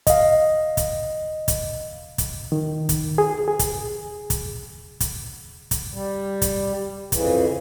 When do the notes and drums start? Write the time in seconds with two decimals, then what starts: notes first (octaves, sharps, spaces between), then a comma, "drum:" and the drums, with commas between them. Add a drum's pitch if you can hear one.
0.07 D#5 F5, drum: kick, hi-hat
0.77 drum: kick, hi-hat
1.48 drum: kick, hi-hat
2.18 drum: kick, hi-hat
2.52 D#3
2.89 drum: kick, hi-hat
3.18 G#4
3.48 G#4
3.59 drum: kick, hi-hat
4.30 drum: kick, hi-hat
5.00 drum: kick, hi-hat
5.71 drum: kick, hi-hat
5.93 G3
6.42 drum: kick, hi-hat
7.12 F2 C#3 E3, drum: kick, hi-hat